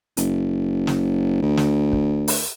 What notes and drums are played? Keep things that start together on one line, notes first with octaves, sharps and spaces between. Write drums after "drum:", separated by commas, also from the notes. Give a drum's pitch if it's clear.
F#1, drum: hi-hat
drum: snare
D2
drum: snare
drum: kick
drum: open hi-hat